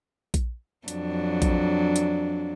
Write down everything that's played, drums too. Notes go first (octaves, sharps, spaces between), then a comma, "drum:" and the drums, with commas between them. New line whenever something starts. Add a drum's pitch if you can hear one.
drum: kick A#1, hi-hat
F2 F#3 D4, drum: hi-hat
drum: kick A#1, hi-hat
drum: hi-hat